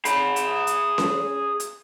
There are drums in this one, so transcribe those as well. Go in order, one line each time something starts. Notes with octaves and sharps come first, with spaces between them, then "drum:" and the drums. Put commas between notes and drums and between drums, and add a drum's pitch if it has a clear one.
G#4 B5, drum: hi-hat
drum: hi-hat
drum: hi-hat
drum: snare C#4
drum: hi-hat